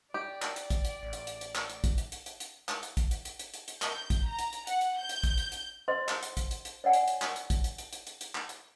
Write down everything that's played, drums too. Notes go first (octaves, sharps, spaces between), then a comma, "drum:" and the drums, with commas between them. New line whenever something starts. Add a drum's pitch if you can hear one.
G4 D5
drum: clap
drum: hi-hat
drum: kick, hi-hat
drum: hi-hat
A1
drum: hi-hat
drum: hi-hat
drum: hi-hat
drum: clap
drum: hi-hat
drum: kick, hi-hat
drum: hi-hat
drum: hi-hat
drum: hi-hat
drum: hi-hat
drum: clap
drum: hi-hat
drum: kick, hi-hat
drum: hi-hat
drum: hi-hat
drum: hi-hat
drum: hi-hat
drum: hi-hat
G6, drum: clap
drum: kick, hi-hat
A#5
drum: hi-hat
drum: hi-hat
F#5, drum: hi-hat
drum: hi-hat
G6
drum: hi-hat
drum: kick, hi-hat
drum: hi-hat
drum: hi-hat
C5 D#5 C6
drum: clap
drum: hi-hat
drum: kick, hi-hat
drum: hi-hat
drum: hi-hat
C#5 D5 F#5 G#5
drum: hi-hat
drum: hi-hat
drum: clap
drum: hi-hat
drum: kick, hi-hat
drum: hi-hat
drum: hi-hat
drum: hi-hat
drum: hi-hat
drum: hi-hat
drum: clap
drum: hi-hat